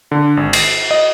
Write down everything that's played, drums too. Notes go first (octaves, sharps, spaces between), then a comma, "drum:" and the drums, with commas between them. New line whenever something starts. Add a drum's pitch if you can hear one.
D3
G#1
C7, drum: cymbal
D#5